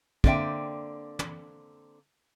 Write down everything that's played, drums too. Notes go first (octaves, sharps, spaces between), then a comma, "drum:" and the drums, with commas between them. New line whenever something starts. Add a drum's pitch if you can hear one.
D3 A#3 C4 D5 E5 G5, drum: kick
drum: tom